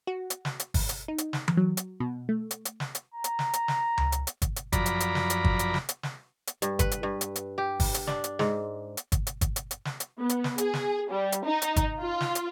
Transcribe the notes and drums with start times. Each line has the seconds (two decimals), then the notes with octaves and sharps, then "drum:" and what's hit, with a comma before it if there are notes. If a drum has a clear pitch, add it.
0.07 F#4
0.30 drum: hi-hat
0.45 drum: snare
0.60 drum: hi-hat
0.74 drum: kick, open hi-hat
0.89 drum: hi-hat
1.08 D#4
1.18 drum: hi-hat
1.33 drum: snare
1.48 drum: tom E3
1.57 F#3
1.77 drum: hi-hat
2.00 B2
2.29 A3
2.51 drum: hi-hat
2.65 drum: hi-hat
2.80 drum: snare
2.95 drum: hi-hat
3.14 A#5
3.24 drum: hi-hat
3.39 drum: snare
3.53 drum: hi-hat
3.68 drum: snare
3.98 drum: tom C#2
4.12 drum: hi-hat
4.27 drum: hi-hat
4.42 drum: kick, hi-hat
4.56 drum: hi-hat
4.72 F#2 F3 D5 A#5 B5, drum: kick, hi-hat
4.86 drum: hi-hat
5.00 drum: hi-hat
5.15 drum: snare
5.30 drum: hi-hat
5.44 drum: kick
5.59 drum: hi-hat
5.74 drum: snare
5.89 drum: hi-hat
6.03 drum: snare
6.47 drum: hi-hat
6.62 G2, drum: hi-hat
6.79 B4, drum: kick, hi-hat
6.91 drum: hi-hat
7.03 G2
7.21 drum: hi-hat
7.36 drum: hi-hat
7.58 G4
7.80 drum: kick, open hi-hat
7.94 drum: hi-hat
8.07 D4, drum: snare
8.24 drum: hi-hat
8.39 G#2, drum: snare
8.97 drum: hi-hat
9.12 drum: kick, hi-hat
9.27 drum: hi-hat
9.41 drum: kick, hi-hat
9.56 drum: hi-hat
9.71 drum: hi-hat
9.85 drum: snare
10.00 drum: hi-hat
10.20 B3
10.29 drum: hi-hat
10.44 drum: snare
10.58 G#4, drum: hi-hat
10.74 drum: snare
11.10 G3
11.32 drum: hi-hat
11.44 D#4
11.62 drum: hi-hat
11.76 drum: kick, hi-hat
12.00 F4
12.20 drum: snare
12.35 drum: hi-hat